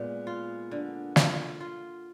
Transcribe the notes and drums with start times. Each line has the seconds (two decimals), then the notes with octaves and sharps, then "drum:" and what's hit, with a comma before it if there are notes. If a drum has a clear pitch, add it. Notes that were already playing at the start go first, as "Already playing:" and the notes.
Already playing: A#2 G#3 B3
0.27 F4
0.71 D3
1.16 F4, drum: snare
1.60 F4